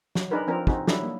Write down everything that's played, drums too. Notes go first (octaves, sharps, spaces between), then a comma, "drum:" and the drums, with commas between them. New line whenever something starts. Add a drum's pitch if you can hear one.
F#3, drum: snare
D4 D#4 G#4 A#4 B4
F3 C4 D4 A#4
C4 D#4 F#4 G#4, drum: kick
F#3 G3 D4 E4 A4, drum: snare
A#3